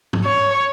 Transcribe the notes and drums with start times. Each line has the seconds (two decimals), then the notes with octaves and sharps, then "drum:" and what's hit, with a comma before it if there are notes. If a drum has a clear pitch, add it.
0.13 drum: tom
0.25 C#5